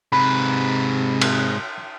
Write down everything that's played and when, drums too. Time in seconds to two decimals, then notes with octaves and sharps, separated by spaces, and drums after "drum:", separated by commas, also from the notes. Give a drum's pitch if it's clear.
0.13 G#2 C3 B4 B5
1.22 drum: cymbal